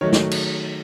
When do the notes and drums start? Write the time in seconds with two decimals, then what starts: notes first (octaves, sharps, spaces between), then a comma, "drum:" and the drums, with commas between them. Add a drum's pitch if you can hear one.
0.01 D#3 F#3 A3 C#5
0.13 drum: snare
0.31 drum: cymbal